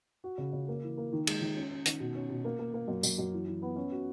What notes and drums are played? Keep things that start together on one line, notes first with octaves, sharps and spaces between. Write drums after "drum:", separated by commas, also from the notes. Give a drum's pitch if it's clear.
F#4
C#3
C#3
A#3
E3
A#3
D#3
G#3, drum: cymbal
D#3
C#4
C#4
D#3, drum: hi-hat
B2
C#4
B2
A#3
A#3
A#3
F#2
F#2, drum: tambourine
F#2
E3
E3
B3
C#4
F#4